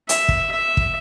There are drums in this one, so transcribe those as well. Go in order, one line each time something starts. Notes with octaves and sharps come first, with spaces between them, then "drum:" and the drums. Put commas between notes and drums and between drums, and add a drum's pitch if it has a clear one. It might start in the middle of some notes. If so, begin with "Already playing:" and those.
E5, drum: hi-hat
drum: kick
E5
drum: kick